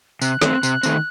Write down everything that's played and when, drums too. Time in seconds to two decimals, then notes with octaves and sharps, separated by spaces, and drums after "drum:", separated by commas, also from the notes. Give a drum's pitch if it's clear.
0.22 C3 F#6, drum: tambourine
0.41 D#3 A3 C4, drum: snare
0.63 C3, drum: tambourine
0.83 D#3 A3 C4, drum: tambourine